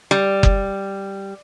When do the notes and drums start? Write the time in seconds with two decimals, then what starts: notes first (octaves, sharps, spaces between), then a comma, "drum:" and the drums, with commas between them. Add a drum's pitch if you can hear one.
0.11 G3
0.43 drum: kick F#1